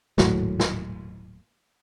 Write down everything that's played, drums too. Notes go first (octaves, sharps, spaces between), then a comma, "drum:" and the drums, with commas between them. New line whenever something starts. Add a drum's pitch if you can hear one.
D#1 G#1 A2 F#3, drum: snare
drum: snare